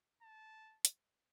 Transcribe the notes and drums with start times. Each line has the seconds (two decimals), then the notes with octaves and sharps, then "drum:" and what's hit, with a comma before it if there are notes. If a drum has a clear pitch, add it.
0.23 A5
0.85 drum: hi-hat